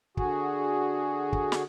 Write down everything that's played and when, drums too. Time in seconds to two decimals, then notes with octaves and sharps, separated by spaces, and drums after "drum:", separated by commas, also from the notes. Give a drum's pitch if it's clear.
0.17 D3 F#4 G#4, drum: kick
1.33 drum: kick
1.52 drum: snare